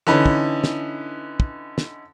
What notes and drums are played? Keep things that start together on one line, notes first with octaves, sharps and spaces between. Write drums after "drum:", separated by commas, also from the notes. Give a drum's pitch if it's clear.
D3 E3 C#4 D#4 B4
drum: kick
drum: snare
drum: kick
drum: snare